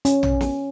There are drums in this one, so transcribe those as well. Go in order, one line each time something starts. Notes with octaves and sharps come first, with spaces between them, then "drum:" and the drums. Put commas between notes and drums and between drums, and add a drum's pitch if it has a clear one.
C#4, drum: hi-hat
drum: tom A#1
drum: snare